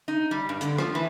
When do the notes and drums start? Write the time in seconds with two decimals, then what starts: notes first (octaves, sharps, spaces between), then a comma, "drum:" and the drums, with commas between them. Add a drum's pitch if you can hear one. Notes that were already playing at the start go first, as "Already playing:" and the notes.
0.08 D#4
0.31 G3
0.49 G2
0.61 D3, drum: hi-hat
0.78 F3, drum: rim click
0.95 E3